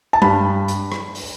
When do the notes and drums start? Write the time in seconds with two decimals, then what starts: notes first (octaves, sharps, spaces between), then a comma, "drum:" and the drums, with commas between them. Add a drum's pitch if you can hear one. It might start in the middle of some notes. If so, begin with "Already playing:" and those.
0.13 A5
0.22 G2 B5, drum: tom G3
0.68 drum: hi-hat
0.92 drum: rim click
1.15 drum: open hi-hat